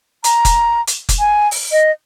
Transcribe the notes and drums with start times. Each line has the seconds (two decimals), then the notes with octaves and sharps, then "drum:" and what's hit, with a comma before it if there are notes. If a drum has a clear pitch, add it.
0.24 A#5, drum: hi-hat
0.45 drum: kick F1, hi-hat
0.87 drum: hi-hat
1.09 drum: kick F1, hi-hat
1.19 G#5
1.51 drum: open hi-hat
1.72 D#5